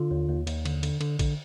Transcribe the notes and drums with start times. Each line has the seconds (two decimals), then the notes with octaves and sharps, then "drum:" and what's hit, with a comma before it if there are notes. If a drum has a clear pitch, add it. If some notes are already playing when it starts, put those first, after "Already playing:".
Already playing: D3 F4
0.11 D#2
0.29 D#2
0.47 D#2, drum: cymbal
0.65 D3, drum: cymbal
0.83 D3, drum: cymbal
1.01 D3, drum: cymbal
1.19 D3, drum: kick, cymbal